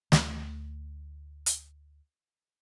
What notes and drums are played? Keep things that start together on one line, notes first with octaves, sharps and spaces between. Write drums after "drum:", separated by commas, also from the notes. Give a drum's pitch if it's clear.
D2 A3, drum: snare
drum: hi-hat